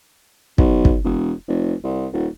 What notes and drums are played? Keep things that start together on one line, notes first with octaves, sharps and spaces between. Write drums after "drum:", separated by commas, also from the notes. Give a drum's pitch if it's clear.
B1, drum: kick
drum: kick
E1
F1
C2
D#1